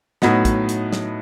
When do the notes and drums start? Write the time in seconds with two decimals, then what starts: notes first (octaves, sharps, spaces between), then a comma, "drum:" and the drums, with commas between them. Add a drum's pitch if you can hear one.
0.22 A2 F#3 B3 D#4, drum: snare
0.45 drum: kick, hi-hat
0.69 drum: hi-hat
0.93 drum: snare